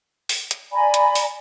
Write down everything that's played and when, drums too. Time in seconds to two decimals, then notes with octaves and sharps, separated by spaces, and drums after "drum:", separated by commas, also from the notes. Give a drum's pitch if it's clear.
0.29 drum: open hi-hat
0.51 drum: hi-hat
0.72 D5 G#5 A#5 B5
0.94 drum: hi-hat
1.15 drum: open hi-hat